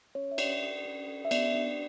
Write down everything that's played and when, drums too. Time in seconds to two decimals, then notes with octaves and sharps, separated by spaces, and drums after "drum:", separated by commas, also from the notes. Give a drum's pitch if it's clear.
0.15 C#4 C#5
0.31 E5
0.38 C#4 D5, drum: cymbal
0.62 A4
0.85 C#4
1.08 A4
1.25 E5
1.31 B3 D5, drum: cymbal
1.54 D4